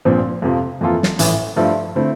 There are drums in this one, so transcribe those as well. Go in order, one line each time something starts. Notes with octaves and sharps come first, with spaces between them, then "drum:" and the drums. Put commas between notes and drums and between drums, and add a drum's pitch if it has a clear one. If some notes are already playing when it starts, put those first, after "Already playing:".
A#1 A#2 F3 C4
F2 C3 F3
F2 E3 A#3 F4 A4
drum: snare
A1 A2 E3, drum: hi-hat
G2 F3 A3 E4 A4
D3 A3 C4 E4